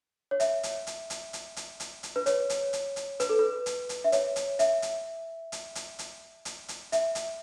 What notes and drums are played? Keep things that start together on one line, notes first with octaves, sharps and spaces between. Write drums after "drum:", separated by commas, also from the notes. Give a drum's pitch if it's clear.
C#5
E5, drum: hi-hat
drum: hi-hat
drum: hi-hat
drum: hi-hat
drum: hi-hat
drum: hi-hat
drum: hi-hat
drum: hi-hat
B4
C#5, drum: hi-hat
drum: hi-hat
drum: hi-hat
drum: hi-hat
B4, drum: hi-hat
A4
B4
drum: hi-hat
drum: hi-hat
E5
C#5, drum: hi-hat
drum: hi-hat
E5, drum: hi-hat
drum: hi-hat
drum: hi-hat
drum: hi-hat
drum: hi-hat
drum: hi-hat
drum: hi-hat
E5, drum: hi-hat
drum: hi-hat